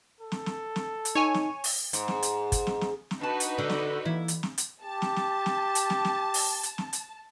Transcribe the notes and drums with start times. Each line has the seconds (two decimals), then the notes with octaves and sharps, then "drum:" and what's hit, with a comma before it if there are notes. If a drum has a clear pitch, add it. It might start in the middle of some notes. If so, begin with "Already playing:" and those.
0.21 A4
0.32 drum: snare
0.46 drum: snare
0.76 drum: snare
1.05 drum: hi-hat
1.15 D#4 C#5 G#5
1.34 drum: snare
1.64 drum: open hi-hat
1.93 G#2, drum: hi-hat
2.08 drum: snare
2.23 drum: hi-hat
2.52 drum: kick, hi-hat
2.67 drum: snare
2.81 drum: snare
3.11 drum: snare
3.21 D4 D#4 F#4 B4 A5
3.40 drum: hi-hat
3.58 D3
3.69 drum: snare
4.05 E3 A#3 E4
4.28 drum: hi-hat
4.43 drum: snare
4.58 drum: hi-hat
4.83 G4 A5
5.02 drum: snare
5.16 drum: snare
5.46 drum: snare
5.75 drum: hi-hat
5.90 drum: snare
6.05 drum: snare
6.34 drum: open hi-hat
6.63 drum: hi-hat
6.78 drum: snare
6.93 drum: hi-hat